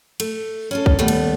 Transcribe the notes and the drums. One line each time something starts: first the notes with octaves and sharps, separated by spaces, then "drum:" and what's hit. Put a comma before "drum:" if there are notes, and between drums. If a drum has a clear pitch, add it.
A3, drum: cymbal
C#4 F4 A4
drum: kick
D#2 G3 A3 B3
drum: cymbal